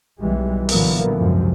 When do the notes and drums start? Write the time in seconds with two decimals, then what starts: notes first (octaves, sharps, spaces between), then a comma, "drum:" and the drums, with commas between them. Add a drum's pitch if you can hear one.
0.20 B1 E3 G3 G#3
0.69 A#2 D3 E3 F#3 A#3 B3, drum: open hi-hat
1.16 G#1 C#2 F#2 C3 F3